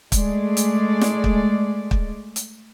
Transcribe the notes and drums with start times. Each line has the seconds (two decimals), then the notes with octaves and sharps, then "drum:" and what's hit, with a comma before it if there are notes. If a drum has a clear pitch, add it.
0.12 G#3 A3 D5, drum: kick, hi-hat
0.57 drum: hi-hat
1.01 drum: snare
1.24 drum: kick
1.91 drum: kick
2.36 drum: hi-hat